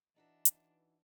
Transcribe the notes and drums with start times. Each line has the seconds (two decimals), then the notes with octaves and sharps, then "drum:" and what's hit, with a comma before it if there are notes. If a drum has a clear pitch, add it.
0.16 E3 D4 D#4 F#4 E5
0.45 drum: hi-hat